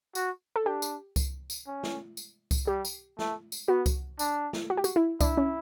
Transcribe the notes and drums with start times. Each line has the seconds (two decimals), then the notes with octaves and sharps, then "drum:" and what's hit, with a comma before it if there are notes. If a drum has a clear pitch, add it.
0.15 F#4, drum: tambourine
0.56 A4
0.66 D4 G4
0.82 drum: tambourine
1.16 drum: kick C2, tambourine
1.50 drum: tambourine
1.67 C#4
1.83 drum: snare
2.17 drum: tambourine
2.51 drum: kick C2, tambourine
2.67 G3 G4
2.85 drum: tambourine
3.19 A3, drum: snare
3.52 drum: tambourine
3.68 B3 F#4
3.86 drum: kick C2, tambourine
4.19 D4, drum: tambourine
4.53 drum: snare
4.70 F#4
4.77 G4
4.84 F#4, drum: tambourine
4.96 E4
5.21 D4 E4, drum: kick C2, tambourine
5.37 C#4